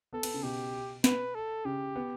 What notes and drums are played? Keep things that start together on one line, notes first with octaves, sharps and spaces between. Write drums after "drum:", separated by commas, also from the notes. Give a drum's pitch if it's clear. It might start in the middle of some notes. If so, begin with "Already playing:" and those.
B3 A4
B3, drum: cymbal
C#3
B2 G4
B4, drum: snare
A4
C#3 G4
B3